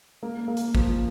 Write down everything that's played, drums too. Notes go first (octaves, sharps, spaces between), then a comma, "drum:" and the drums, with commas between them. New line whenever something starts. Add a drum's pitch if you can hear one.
A#3
A#3
drum: hi-hat
F3, drum: kick